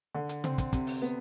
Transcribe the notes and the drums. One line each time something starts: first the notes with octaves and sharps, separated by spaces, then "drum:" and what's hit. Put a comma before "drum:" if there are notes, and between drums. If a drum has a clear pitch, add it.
D3
drum: hi-hat
C4, drum: tom C3
drum: kick, hi-hat
C3, drum: kick, hi-hat
drum: open hi-hat
B3